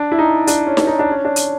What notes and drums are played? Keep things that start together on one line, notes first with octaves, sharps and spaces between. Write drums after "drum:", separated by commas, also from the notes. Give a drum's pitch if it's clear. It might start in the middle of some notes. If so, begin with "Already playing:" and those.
Already playing: D4
E4
D#4
D4, drum: hi-hat
C#4
drum: snare D#4
D#4
D4
C#4
D4
drum: hi-hat